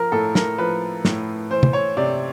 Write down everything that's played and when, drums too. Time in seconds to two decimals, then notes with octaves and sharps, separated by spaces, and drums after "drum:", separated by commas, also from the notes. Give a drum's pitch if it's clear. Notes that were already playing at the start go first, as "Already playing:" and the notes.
Already playing: F3 A#4
0.12 A2 A4
0.35 A#4, drum: snare
0.58 F3 B4
1.05 A2, drum: snare
1.51 E3 C5
1.63 drum: tom
1.73 C#5
1.97 C3 D5